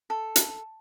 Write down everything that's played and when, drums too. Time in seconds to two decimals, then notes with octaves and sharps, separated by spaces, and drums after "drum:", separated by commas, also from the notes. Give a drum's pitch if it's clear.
0.10 A4
0.36 drum: hi-hat